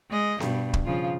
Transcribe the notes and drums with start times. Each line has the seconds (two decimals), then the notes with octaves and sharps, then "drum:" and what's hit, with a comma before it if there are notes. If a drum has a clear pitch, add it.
0.10 G#3 D#5
0.40 G2 B2, drum: snare B3
0.74 drum: kick
0.85 C#3 F3 F4